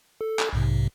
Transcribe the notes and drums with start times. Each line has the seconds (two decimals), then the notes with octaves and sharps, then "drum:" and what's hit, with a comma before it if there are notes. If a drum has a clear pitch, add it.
0.21 A4
0.39 drum: clap
0.53 B1 G#2 C3